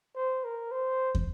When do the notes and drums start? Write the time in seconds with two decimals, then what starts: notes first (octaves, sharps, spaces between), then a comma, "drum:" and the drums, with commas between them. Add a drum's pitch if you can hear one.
0.15 C5
0.44 A#4
0.72 C5
1.15 drum: kick